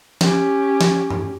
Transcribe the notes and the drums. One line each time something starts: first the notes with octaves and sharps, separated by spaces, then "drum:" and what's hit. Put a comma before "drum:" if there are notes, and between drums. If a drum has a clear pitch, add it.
C#4 G4, drum: snare
drum: snare
drum: tom F#2